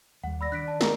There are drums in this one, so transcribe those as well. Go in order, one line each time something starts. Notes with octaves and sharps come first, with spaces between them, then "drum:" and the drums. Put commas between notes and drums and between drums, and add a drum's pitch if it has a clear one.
D#2 G3 F#5
D5 B5 E6 A#6
D#3 D4 F#6 B6 D7
A5
G#4 A#4 D#5 E6, drum: snare